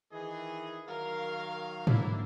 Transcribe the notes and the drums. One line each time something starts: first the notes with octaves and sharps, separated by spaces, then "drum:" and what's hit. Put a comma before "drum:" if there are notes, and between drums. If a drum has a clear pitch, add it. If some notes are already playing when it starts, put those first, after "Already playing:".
D#3 E3 G#4 D#5
D#3 F#3 A#4 F5
F#3 A#3 D4 E4, drum: tom G#2